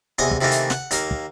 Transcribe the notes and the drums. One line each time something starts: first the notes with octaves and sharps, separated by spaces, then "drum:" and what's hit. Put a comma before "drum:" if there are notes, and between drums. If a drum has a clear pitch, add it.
E2 C3 D#5 G#5 D#6
drum: kick
C3 D#3 E3 A3 A#3
drum: hi-hat
F#5, drum: snare
D#2 A#3, drum: hi-hat
drum: kick